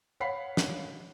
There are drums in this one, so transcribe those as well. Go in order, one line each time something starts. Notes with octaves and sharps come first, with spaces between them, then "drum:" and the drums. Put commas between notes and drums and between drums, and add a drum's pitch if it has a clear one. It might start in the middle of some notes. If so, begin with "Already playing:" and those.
C#5 F5 F#5 B5 B6 C7
drum: snare